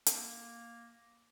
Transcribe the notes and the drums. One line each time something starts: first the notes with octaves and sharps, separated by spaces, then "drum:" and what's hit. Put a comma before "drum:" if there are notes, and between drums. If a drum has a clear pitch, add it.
A#3, drum: hi-hat